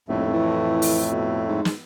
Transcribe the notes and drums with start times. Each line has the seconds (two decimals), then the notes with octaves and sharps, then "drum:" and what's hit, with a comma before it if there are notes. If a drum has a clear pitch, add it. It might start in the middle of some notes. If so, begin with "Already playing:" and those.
0.09 D#1 F2 A2 A3
0.33 E3
0.82 drum: open hi-hat
1.12 B2
1.48 G#2
1.65 drum: snare